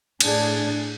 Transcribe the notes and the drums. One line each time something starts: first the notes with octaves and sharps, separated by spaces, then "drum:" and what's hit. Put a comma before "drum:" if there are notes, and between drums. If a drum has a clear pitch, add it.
A2 D4 G#4, drum: cymbal